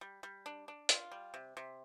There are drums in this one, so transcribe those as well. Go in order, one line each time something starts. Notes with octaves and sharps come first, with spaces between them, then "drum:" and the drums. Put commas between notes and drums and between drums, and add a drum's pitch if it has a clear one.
G3
G3
D4
D4
F4, drum: hi-hat
G3
C3
C3